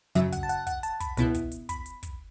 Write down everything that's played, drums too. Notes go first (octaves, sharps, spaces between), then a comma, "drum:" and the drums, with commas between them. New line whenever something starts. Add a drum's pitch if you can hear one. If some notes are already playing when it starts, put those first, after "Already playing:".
F#2 C#3 F#3 E5, drum: hi-hat
F#5, drum: kick, hi-hat
A5
F#5, drum: hi-hat
F#5, drum: kick, hi-hat
A5, drum: hi-hat
B5, drum: kick, hi-hat
C#2 B2 B3 E4, drum: hi-hat
drum: kick, hi-hat
drum: hi-hat
B5, drum: kick, hi-hat
drum: hi-hat
drum: kick, hi-hat